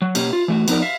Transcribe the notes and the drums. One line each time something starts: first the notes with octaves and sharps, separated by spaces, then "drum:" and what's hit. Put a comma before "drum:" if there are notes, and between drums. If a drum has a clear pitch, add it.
F#3
B2 A#3 C#4 G4, drum: cymbal
F4
E3 A3 F#4
F3 B3 D#4 A#4 D5, drum: cymbal
E5 F5